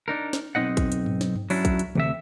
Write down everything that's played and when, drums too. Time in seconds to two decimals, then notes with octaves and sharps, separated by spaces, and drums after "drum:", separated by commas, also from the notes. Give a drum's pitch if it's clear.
0.08 D4 D#4 A#4
0.33 drum: snare
0.55 B1 C4 D#4 D#5 F#5
0.77 drum: kick, hi-hat
0.92 drum: hi-hat
1.06 drum: tom G2
1.21 drum: snare
1.36 drum: tom G2
1.50 F#3 C#4 D4 E4, drum: open hi-hat
1.65 drum: kick, hi-hat
1.79 drum: hi-hat
1.95 D2 C3 E5, drum: tom D#3